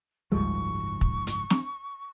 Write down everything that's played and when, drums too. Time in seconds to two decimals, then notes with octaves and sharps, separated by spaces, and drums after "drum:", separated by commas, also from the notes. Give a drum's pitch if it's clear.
0.32 F#1 C#2 G#2 F3 G3 G#3 C#6
1.01 drum: kick
1.27 drum: hi-hat
1.50 drum: snare